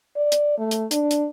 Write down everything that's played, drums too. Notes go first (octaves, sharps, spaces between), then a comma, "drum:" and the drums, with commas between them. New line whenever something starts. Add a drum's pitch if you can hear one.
D5
drum: hi-hat
A3
drum: hi-hat
D4, drum: hi-hat
drum: hi-hat